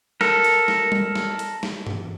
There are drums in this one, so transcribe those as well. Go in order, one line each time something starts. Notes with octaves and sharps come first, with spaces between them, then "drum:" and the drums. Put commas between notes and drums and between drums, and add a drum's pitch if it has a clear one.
A4 A#4, drum: snare
drum: hi-hat
drum: snare
drum: tom G3
drum: snare
drum: hi-hat
drum: snare
drum: tom G2